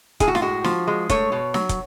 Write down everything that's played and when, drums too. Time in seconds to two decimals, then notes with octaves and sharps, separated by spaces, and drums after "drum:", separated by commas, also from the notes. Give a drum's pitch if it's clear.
0.20 A2 G#4, drum: kick, hi-hat
0.28 F#4
0.35 F4, drum: snare
0.42 G#3 F#4
0.64 F3, drum: snare
0.87 G#3
1.09 A3 C#5, drum: kick, hi-hat
1.32 B2
1.54 F#3, drum: snare
1.69 drum: kick, hi-hat